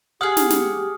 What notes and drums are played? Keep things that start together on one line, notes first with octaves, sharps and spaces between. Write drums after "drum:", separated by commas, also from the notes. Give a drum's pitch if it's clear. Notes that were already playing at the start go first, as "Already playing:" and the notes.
G4 G#4 F#5 D#6 F6
drum: snare
drum: snare